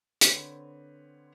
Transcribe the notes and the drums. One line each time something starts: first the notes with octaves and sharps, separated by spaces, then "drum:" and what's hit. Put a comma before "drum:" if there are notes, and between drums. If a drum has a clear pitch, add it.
D3 C4 B4 C#5, drum: hi-hat